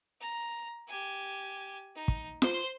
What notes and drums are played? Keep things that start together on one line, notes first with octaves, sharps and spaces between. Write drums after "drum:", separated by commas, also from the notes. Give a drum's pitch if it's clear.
A#5
G4 G#5
D#4
drum: kick
C5 C6, drum: snare F4